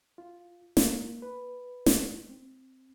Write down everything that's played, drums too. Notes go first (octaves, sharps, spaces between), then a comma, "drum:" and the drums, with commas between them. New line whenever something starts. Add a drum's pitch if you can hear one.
F4
A#3, drum: snare
B4
drum: snare
C4